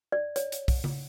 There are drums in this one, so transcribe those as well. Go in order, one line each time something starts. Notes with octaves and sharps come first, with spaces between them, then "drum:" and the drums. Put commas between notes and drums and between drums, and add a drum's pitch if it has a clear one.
D5
C#5, drum: hi-hat
drum: hi-hat
drum: kick B1, open hi-hat
drum: tom C#3